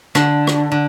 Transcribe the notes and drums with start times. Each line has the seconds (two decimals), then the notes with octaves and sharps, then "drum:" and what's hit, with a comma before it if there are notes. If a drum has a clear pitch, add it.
0.15 D3, drum: rim click
0.47 drum: rim click
0.72 D3